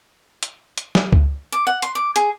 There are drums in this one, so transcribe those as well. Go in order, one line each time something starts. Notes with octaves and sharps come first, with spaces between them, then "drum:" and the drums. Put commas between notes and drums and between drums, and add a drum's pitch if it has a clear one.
drum: hi-hat
drum: hi-hat
drum: snare
drum: kick C#2
D6
F#5
C6, drum: hi-hat
D6
G#4, drum: hi-hat